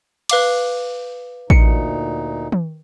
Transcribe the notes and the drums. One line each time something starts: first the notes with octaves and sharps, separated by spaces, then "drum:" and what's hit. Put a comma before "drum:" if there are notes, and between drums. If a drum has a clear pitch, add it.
B4 F5 D6, drum: cymbal
D2 A#2 D#4 C#7, drum: kick A1
drum: tom